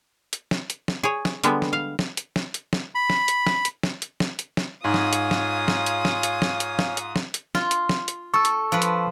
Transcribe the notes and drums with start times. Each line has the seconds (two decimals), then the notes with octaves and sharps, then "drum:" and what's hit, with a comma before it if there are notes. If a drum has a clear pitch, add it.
0.33 drum: hi-hat
0.51 drum: snare
0.70 drum: hi-hat
0.88 drum: snare
1.03 G#4 C#5
1.25 drum: snare
1.44 D3 G3 G#3 B3, drum: hi-hat
1.62 drum: snare
1.73 F5
1.99 drum: snare
2.17 drum: hi-hat
2.36 drum: snare
2.54 drum: hi-hat
2.73 drum: snare
2.95 B5
3.10 drum: snare
3.28 drum: hi-hat
3.47 drum: snare
3.65 drum: hi-hat
3.83 drum: snare
4.02 drum: hi-hat
4.20 drum: snare
4.39 drum: hi-hat
4.57 drum: snare
4.84 G#2 F4 C#5 F5 G#5 D#6
4.94 drum: snare
5.13 drum: hi-hat
5.31 drum: snare
5.68 drum: snare
5.86 drum: hi-hat
6.05 drum: snare
6.23 drum: hi-hat
6.42 drum: snare
6.60 drum: hi-hat
6.79 drum: snare
6.97 drum: hi-hat
7.16 drum: snare
7.34 drum: hi-hat
7.55 F4, drum: snare
7.71 drum: hi-hat
7.89 drum: snare
8.08 drum: hi-hat
8.34 A4 C#6 E6
8.45 drum: hi-hat
8.72 F3 B4
8.82 drum: hi-hat